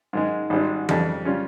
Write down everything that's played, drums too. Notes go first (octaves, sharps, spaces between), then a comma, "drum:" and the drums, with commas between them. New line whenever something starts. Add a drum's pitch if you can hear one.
G#2 D#3 G#3
G#1 G#2 G3
F2 C#3 G3, drum: tom E3
C#3 G3 C#4 F4